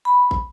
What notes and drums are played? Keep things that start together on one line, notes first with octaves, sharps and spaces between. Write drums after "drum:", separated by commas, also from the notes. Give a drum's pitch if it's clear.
B5
drum: kick